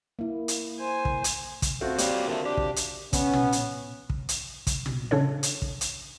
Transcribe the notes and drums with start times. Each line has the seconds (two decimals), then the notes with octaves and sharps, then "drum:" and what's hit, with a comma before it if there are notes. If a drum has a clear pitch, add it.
0.19 A#3 E4
0.48 drum: hi-hat
0.79 C5 G#5
1.05 drum: kick
1.24 drum: hi-hat
1.62 drum: kick, hi-hat
1.81 A3 C4 F4 F#4
1.98 G3 A#3 C#5 F5, drum: hi-hat
2.28 D3 A#3 A4 E5
2.46 D4 G4
2.57 drum: kick
2.76 drum: hi-hat
3.13 B3 C#4, drum: kick, hi-hat
3.33 drum: tom
3.52 drum: hi-hat
4.10 drum: kick
4.29 drum: hi-hat
4.67 drum: kick, hi-hat
4.86 drum: tom
5.11 C#3 C#4 D4 A4 C#5
5.43 drum: hi-hat
5.62 drum: kick
5.81 drum: hi-hat